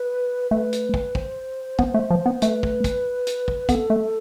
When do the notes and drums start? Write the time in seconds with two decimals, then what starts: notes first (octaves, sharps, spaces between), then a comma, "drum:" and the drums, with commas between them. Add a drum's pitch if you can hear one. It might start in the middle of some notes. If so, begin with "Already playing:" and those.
Already playing: B4
0.51 A3 B4
0.73 drum: hi-hat
0.94 drum: kick
1.15 C5, drum: kick
1.79 B3, drum: kick
1.94 A3
2.10 F3
2.26 B3
2.42 A3 B4, drum: hi-hat
2.63 drum: kick
2.84 drum: kick, hi-hat
3.27 drum: hi-hat
3.48 drum: kick
3.69 B3 A4, drum: kick, hi-hat
3.90 A3